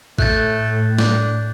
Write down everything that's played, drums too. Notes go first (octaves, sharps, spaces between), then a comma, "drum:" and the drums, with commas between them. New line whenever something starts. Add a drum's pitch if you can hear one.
A2 A3 F#6 G6 A6, drum: kick A1
D4 G6, drum: snare